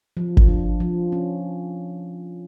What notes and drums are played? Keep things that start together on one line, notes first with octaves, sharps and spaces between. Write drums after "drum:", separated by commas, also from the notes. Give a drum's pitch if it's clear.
F3
drum: kick G1
D4
F3
C#4